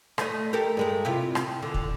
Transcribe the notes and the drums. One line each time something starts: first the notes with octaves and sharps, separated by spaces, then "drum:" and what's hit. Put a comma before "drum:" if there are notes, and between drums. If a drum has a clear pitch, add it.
A3 D#5, drum: rim click
G4 A4 A#4
G2 G#3 A#4
C3 E4 F4
drum: rim click
D3
drum: kick